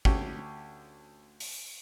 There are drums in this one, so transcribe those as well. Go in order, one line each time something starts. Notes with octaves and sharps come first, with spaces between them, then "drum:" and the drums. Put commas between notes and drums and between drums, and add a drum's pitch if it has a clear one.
D2 C#4 G4, drum: kick
drum: open hi-hat